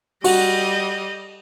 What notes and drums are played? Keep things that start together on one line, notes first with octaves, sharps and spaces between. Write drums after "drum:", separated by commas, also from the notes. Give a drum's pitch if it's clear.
G3 F#4 D#5, drum: open hi-hat